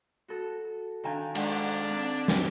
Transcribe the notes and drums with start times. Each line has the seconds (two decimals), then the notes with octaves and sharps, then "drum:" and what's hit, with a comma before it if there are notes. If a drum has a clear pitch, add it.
0.28 F#4 A4
1.04 D#3 D4 F5 G5 G#5 A#5
1.35 G#3 D4 A4, drum: cymbal
1.91 C4
2.28 drum: snare